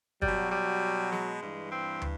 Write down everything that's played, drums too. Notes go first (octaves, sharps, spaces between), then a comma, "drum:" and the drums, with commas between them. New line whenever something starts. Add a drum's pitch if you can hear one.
B2 F#3 G3, drum: kick
G3
G#3, drum: snare
G2 E3
C4
drum: tom